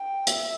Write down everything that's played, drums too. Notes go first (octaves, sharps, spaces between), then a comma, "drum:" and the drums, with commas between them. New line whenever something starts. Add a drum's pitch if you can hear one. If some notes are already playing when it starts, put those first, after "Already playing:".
Already playing: G5
E5, drum: hi-hat